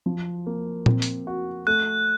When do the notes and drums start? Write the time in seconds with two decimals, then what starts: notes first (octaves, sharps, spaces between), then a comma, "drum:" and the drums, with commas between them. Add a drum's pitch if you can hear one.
0.06 F3
0.47 A#3
0.86 C4, drum: tom A#2
1.02 drum: hi-hat
1.27 F#4
1.67 A3 F#6